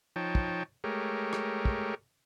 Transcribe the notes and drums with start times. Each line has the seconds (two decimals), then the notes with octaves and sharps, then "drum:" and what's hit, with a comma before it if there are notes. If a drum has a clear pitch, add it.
0.16 F3 D#4 C#5 G5 A5
0.35 drum: kick
0.84 G#3 A3 G4 A#4 C#5
1.33 drum: rim click
1.65 drum: kick